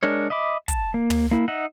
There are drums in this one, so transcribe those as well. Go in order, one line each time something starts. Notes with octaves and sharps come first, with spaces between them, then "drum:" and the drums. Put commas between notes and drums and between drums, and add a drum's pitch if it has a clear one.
G#3 D4 A#4 C#5
D#5 E5 B5 D6
A5, drum: kick, hi-hat
A#3
drum: tom
A#3 E4
D#4 D#5 E5 F#5